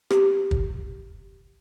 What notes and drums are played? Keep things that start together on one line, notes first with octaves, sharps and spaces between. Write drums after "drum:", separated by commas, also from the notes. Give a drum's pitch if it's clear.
G4, drum: rim click
drum: kick